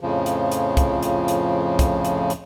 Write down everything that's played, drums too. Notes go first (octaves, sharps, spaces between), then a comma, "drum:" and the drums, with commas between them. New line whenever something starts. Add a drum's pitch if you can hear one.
F2 A2 C#3 F3
drum: hi-hat
drum: hi-hat
drum: kick, hi-hat
drum: hi-hat
drum: hi-hat
drum: kick, hi-hat
drum: hi-hat
drum: hi-hat